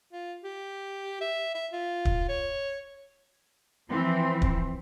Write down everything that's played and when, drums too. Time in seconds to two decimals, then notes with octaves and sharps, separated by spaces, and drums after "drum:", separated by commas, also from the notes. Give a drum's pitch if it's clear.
0.13 F4
0.44 G4
1.21 E5
1.55 E5
1.73 F4
2.05 drum: kick
2.29 C#5
3.90 E3 F3 C4
4.42 drum: kick